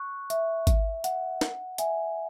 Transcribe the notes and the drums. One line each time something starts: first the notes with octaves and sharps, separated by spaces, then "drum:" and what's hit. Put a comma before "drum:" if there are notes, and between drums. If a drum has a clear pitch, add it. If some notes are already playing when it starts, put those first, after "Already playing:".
Already playing: C#6 F#6
E5, drum: hi-hat
drum: kick G#1, hi-hat
F#5, drum: hi-hat
drum: snare
E5 G#5, drum: hi-hat